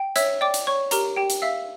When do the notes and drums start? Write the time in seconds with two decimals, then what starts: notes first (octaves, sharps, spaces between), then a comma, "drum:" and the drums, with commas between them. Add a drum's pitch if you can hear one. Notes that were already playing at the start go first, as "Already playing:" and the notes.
Already playing: G5
0.16 C#5 E5 E6, drum: hi-hat
0.41 D5 G5 D6
0.54 drum: hi-hat
0.67 C#5 C#6
0.91 G4 A#4 A#5, drum: hi-hat
1.16 G4 G5
1.30 drum: hi-hat
1.42 E5 F5 E6